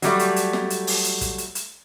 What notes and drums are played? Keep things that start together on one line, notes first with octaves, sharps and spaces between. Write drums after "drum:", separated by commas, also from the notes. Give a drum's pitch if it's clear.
F#3 G3 A3, drum: hi-hat
drum: hi-hat
drum: hi-hat
drum: snare
drum: hi-hat
drum: open hi-hat
drum: hi-hat
drum: kick, hi-hat
drum: hi-hat
drum: hi-hat